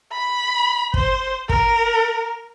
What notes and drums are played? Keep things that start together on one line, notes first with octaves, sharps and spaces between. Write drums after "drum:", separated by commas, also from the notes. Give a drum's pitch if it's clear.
B5
C5, drum: kick
A#4, drum: kick